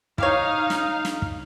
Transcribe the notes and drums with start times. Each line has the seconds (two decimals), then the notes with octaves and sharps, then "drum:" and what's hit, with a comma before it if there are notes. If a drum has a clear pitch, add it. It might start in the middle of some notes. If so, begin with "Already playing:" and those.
0.18 D#4 E4 G4 C#5 F5, drum: kick
0.70 drum: snare
1.05 drum: snare
1.22 drum: kick